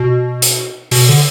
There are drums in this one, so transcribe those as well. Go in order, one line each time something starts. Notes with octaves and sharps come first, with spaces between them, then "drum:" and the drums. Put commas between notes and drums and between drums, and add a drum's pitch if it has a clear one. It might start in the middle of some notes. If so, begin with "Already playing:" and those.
Already playing: B2
drum: hi-hat
B2, drum: open hi-hat
D3